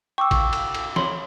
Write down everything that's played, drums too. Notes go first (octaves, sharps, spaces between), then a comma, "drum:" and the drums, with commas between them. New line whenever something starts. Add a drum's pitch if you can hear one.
G5 C#6 D6 E6
drum: kick A1, cymbal
drum: cymbal
drum: cymbal
C#5 B5 C6, drum: snare